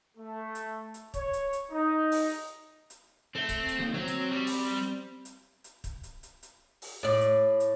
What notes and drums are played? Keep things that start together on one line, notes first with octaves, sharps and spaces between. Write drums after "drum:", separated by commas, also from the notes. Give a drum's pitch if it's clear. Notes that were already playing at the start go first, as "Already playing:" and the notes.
A3
drum: hi-hat
drum: hi-hat
C#5, drum: kick, hi-hat
drum: hi-hat
drum: hi-hat
D#4
drum: open hi-hat
drum: hi-hat
C4 A4 E5
drum: kick, hi-hat
drum: hi-hat
D#2 A#3
F#3 C4 C5
drum: hi-hat
G3
drum: open hi-hat
drum: hi-hat
drum: hi-hat
drum: kick, hi-hat
drum: hi-hat
drum: hi-hat
drum: hi-hat
drum: open hi-hat
A2 D5
drum: hi-hat
drum: hi-hat